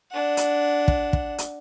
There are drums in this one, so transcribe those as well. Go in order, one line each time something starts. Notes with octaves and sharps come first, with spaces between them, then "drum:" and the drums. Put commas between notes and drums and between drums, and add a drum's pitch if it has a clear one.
D4 F#5
drum: hi-hat
drum: kick
drum: kick
drum: hi-hat